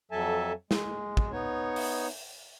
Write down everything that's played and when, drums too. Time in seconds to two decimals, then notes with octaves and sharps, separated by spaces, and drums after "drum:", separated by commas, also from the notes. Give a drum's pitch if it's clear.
0.11 F2 F#3 A4 E5 G#5 A5
0.71 G#3, drum: snare
1.17 drum: kick
1.32 B3 D#4 C#5
1.76 drum: open hi-hat